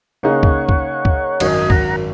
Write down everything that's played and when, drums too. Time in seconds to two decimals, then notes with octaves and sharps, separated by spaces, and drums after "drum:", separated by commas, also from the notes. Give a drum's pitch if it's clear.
0.23 C#3 A#3 D#4 G#4 C#5 F#5
0.43 drum: kick C#2
0.69 drum: kick C#2
1.05 drum: kick C#2
1.40 G#1 F#2 D#3 F#3 D#5 G#5, drum: cymbal
1.70 F#5 A#5, drum: kick C#2